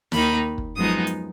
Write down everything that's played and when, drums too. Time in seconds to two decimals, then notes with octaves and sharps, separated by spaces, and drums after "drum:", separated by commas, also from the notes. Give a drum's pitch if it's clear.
0.12 D#2 D#3 A#3 D#4 B5, drum: snare
0.58 drum: kick
0.76 F#2 F3 G#3 B3 D#4 D#6
1.07 drum: hi-hat